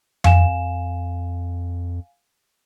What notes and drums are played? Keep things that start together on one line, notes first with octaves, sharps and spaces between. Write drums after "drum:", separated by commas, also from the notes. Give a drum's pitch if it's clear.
F2 F5 G#5 E7, drum: tom F2